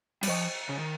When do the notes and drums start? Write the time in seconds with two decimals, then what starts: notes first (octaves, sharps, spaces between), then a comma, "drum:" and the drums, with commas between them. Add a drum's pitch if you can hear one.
0.23 G3, drum: cymbal
0.28 F3 C5 D#5 G5 C#6
0.69 C#3
0.78 D#3